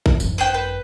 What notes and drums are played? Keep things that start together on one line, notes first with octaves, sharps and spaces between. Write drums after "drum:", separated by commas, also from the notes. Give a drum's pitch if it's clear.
drum: kick A1
G#1 F#2, drum: tambourine
B4 C5 G5
B4